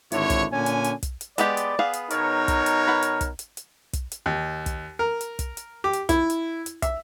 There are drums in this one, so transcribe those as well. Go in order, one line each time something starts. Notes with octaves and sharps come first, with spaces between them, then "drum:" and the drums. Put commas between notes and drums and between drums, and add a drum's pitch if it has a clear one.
G#1 D3 E4 C#5, drum: hi-hat
drum: kick, hi-hat
A#2 D3 C#4 G#5
drum: hi-hat
drum: hi-hat
drum: kick, hi-hat
drum: hi-hat
G#3 B3 G4 D5, drum: hi-hat
drum: hi-hat
B3 G#4 F5
drum: hi-hat
B2 D#4 A#4 C#5, drum: hi-hat
drum: kick, hi-hat
drum: hi-hat
B4 F#5
drum: hi-hat
drum: kick, hi-hat
drum: hi-hat
drum: hi-hat
drum: kick, hi-hat
drum: hi-hat
D#2
drum: kick, hi-hat
A#4
drum: hi-hat
drum: kick, hi-hat
drum: hi-hat
G4
drum: hi-hat
E4, drum: kick, hi-hat
drum: hi-hat
drum: hi-hat
E5, drum: kick, hi-hat